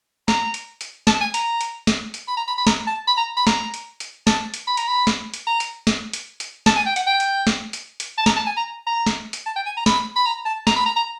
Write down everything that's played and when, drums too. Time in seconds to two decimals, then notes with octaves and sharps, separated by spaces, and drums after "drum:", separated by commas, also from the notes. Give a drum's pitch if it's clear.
0.28 A#5, drum: snare
0.54 drum: hi-hat
0.81 drum: hi-hat
1.07 A5, drum: snare
1.21 G#5
1.34 A#5, drum: hi-hat
1.61 drum: hi-hat
1.87 drum: snare
2.14 drum: hi-hat
2.28 B5
2.37 A#5
2.48 B5
2.58 B5
2.67 A#5, drum: snare
2.87 A5
3.07 B5
3.17 A#5
3.37 B5
3.47 A#5, drum: snare
3.74 drum: hi-hat
4.00 drum: hi-hat
4.27 A5, drum: snare
4.54 drum: hi-hat
4.67 B5
4.77 A#5, drum: hi-hat
4.88 B5
5.07 drum: snare
5.34 drum: hi-hat
5.47 A#5
5.60 drum: hi-hat
5.87 drum: snare
6.13 drum: hi-hat
6.40 drum: hi-hat
6.66 A5, drum: snare
6.76 G#5
6.86 G5
6.96 F#5, drum: hi-hat
7.07 G5
7.20 drum: hi-hat
7.47 drum: snare
7.73 drum: hi-hat
8.00 drum: hi-hat
8.18 A5
8.26 A#5, drum: snare
8.36 A5
8.47 G#5
8.57 A#5
8.87 A#5
9.06 drum: snare
9.33 drum: hi-hat
9.46 A5
9.56 G5
9.66 G#5
9.77 A#5
9.86 B5, drum: snare
10.16 B5
10.26 A#5
10.46 A5
10.67 A#5, drum: snare
10.76 B5
10.86 A#5
10.96 A#5